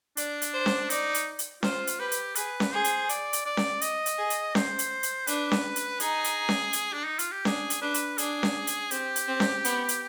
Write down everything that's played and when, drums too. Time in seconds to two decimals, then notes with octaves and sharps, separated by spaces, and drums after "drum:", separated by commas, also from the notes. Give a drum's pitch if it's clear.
0.17 D4 D5, drum: hi-hat
0.42 drum: hi-hat
0.53 C5
0.66 drum: snare C#4
0.90 D#4 D5, drum: hi-hat
1.14 drum: hi-hat
1.39 drum: hi-hat
1.63 F4 C5, drum: snare C#4
1.87 drum: hi-hat
2.00 G4 B4
2.12 drum: hi-hat
2.35 G#4 B4, drum: hi-hat
2.60 drum: snare C#4
2.72 G#4 C5
2.84 drum: hi-hat
3.09 D5, drum: hi-hat
3.33 drum: hi-hat
3.46 D5
3.57 drum: snare C#4
3.81 D#5, drum: hi-hat
4.06 drum: hi-hat
4.18 G#4
4.30 drum: hi-hat
4.55 C5, drum: snare C#4
4.79 drum: hi-hat
5.03 drum: hi-hat
5.27 D4 B4, drum: hi-hat
5.51 drum: snare C#4
5.76 drum: hi-hat
6.00 D#4 G#4, drum: hi-hat
6.24 drum: hi-hat
6.49 drum: snare C#4
6.73 drum: hi-hat
6.93 D4
7.06 D#4
7.19 F4, drum: hi-hat
7.32 G4
7.45 D4 G#4, drum: snare C#4
7.70 drum: hi-hat
7.82 D4 B4
7.94 drum: hi-hat
8.18 D4 G#4, drum: hi-hat
8.43 drum: snare C#4
8.67 drum: hi-hat
8.91 C4 G4, drum: hi-hat
9.16 drum: hi-hat
9.28 C4
9.40 drum: snare C#4
9.65 B3, drum: hi-hat
9.89 drum: hi-hat